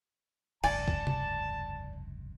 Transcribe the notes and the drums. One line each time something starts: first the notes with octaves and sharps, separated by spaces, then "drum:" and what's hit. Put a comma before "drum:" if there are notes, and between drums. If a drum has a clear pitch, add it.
F1 C#2 G2 D5 G#5 A5, drum: cymbal
drum: kick C2
drum: tom C3